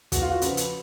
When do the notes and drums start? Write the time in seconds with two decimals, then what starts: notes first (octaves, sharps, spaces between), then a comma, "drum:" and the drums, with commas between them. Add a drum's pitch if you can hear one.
0.12 E2 F#4, drum: kick, hi-hat
0.22 F4
0.32 F#4
0.42 C#3 F3 B4, drum: hi-hat
0.57 drum: hi-hat